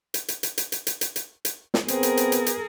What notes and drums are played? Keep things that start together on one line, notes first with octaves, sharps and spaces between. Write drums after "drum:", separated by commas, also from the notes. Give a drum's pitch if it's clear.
drum: hi-hat
drum: hi-hat
drum: hi-hat
drum: hi-hat
drum: hi-hat
drum: hi-hat
drum: hi-hat
drum: hi-hat
drum: hi-hat
drum: snare
B3 C4 G#4 A#4, drum: hi-hat
drum: hi-hat
drum: hi-hat
drum: hi-hat
drum: hi-hat